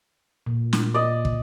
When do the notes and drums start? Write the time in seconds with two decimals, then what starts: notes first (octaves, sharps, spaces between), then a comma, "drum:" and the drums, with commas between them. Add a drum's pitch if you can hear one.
0.47 A#2
0.73 drum: snare
0.94 D5 D#5
1.25 drum: kick